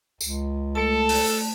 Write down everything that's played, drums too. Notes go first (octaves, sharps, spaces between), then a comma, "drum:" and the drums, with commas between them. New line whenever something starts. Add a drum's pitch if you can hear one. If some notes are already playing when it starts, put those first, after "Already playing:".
C#2, drum: tambourine
A3 A4 A5
drum: open hi-hat